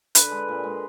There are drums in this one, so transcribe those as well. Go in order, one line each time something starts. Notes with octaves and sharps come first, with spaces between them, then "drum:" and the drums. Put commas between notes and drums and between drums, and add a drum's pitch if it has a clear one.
D3 B4, drum: hi-hat
G#3
A#2
G#3